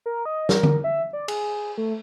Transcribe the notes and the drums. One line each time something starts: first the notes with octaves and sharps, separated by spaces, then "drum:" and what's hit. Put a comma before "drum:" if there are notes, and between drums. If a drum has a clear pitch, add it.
A#4
D#5
A#4, drum: snare
drum: tom D3
E5
D5
G#4, drum: cymbal
A3